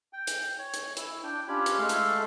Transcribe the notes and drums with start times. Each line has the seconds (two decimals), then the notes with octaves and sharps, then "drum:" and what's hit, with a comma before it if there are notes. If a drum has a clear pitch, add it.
0.13 G5
0.27 drum: hi-hat
0.59 C#5
0.74 drum: hi-hat
0.97 E4, drum: hi-hat
1.23 D4 G5
1.48 C#4 D4 F4 G4 C#5 B5
1.66 drum: hi-hat
1.78 G#3 A3 A4 E5 F5
1.89 drum: hi-hat